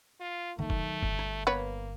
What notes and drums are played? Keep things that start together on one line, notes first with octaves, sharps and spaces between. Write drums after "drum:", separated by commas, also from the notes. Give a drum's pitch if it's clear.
F4
D#3 F#3 A3
drum: kick
G1, drum: kick
drum: rim click
A#3 B3 B4 C#5